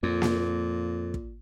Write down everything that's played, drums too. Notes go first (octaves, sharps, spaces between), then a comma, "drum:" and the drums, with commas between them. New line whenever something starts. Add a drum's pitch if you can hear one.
F2 A#2
drum: snare A#3
drum: kick